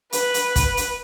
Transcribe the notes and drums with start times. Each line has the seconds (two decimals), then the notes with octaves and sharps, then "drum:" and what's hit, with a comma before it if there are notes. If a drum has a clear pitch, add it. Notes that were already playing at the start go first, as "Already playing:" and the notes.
0.12 B4, drum: hi-hat
0.34 drum: hi-hat
0.56 drum: kick, hi-hat
0.77 drum: hi-hat